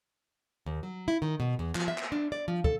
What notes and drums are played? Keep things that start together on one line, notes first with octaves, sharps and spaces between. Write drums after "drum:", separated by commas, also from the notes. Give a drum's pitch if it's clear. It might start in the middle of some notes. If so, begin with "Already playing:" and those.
D#2
F#3
E4
D#3
B2
E2
F3, drum: clap
E5
drum: clap
D4
D5
F3
A4, drum: kick